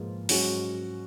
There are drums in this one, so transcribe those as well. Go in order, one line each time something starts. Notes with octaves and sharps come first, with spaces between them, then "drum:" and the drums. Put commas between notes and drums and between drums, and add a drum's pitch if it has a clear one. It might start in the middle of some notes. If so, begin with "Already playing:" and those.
Already playing: G#2 F3 A#3 F4 B4
G#2 F#3 C#4 F#4, drum: open hi-hat